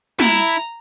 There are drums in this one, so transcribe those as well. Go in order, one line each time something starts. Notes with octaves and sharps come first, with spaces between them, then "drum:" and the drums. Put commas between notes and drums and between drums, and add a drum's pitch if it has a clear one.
E4 A#5, drum: snare